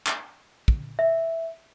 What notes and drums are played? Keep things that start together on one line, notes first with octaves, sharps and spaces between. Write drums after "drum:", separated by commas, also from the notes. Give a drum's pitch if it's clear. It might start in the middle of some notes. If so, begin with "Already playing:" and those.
drum: clap
drum: kick
E5